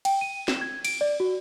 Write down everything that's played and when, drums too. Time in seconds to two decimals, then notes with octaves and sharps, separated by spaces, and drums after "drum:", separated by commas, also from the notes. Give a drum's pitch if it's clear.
0.05 G5, drum: cymbal
0.21 D#7
0.48 E7, drum: snare
0.61 G#6
0.85 D7, drum: cymbal
1.01 D5
1.20 F#4